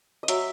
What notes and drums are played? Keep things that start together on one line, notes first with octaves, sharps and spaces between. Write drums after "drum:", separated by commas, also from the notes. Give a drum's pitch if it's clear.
D#5
F#3 E5, drum: hi-hat